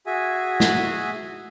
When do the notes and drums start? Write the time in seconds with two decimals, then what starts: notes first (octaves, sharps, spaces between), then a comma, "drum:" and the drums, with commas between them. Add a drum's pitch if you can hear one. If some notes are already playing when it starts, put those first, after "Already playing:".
0.06 F#4 G#4 E5 G#5
0.60 drum: snare